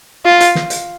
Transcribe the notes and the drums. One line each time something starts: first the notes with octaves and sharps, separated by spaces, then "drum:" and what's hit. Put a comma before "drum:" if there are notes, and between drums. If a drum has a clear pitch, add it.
F4
drum: hi-hat
drum: snare
drum: hi-hat